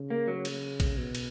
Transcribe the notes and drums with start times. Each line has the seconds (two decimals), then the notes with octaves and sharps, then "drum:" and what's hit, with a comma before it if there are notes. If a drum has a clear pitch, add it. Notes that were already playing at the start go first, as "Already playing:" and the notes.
Already playing: C#3
0.10 A#3
0.28 F#3
0.45 drum: cymbal
0.80 drum: kick A#1, cymbal
0.98 B2
1.15 drum: cymbal